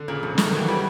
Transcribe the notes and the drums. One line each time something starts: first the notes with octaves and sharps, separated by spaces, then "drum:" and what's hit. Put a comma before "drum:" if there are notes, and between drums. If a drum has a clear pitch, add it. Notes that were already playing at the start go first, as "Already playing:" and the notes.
Already playing: D3
A#2 C#3
F2 D3
D3
F2, drum: snare
D#3
E3 F#3
E3 G3